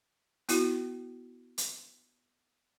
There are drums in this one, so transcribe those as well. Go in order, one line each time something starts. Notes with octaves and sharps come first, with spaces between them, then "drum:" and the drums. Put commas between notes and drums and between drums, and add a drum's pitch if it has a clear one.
B3 E4 F#4, drum: hi-hat
drum: hi-hat